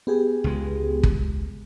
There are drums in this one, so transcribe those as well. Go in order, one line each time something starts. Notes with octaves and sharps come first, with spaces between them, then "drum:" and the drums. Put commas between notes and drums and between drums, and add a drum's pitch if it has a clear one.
B3 G4 G#4
C#2 G#3
drum: kick